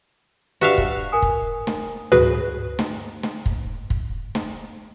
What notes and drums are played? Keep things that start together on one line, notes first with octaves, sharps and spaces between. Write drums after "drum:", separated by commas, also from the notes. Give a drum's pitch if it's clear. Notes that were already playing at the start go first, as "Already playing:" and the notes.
G2 F#4 E5 F5
drum: kick
A#4 G#5 D#6
drum: kick
drum: snare
F#4 G#4 B4, drum: tom
drum: snare
drum: snare
drum: kick
drum: kick
drum: snare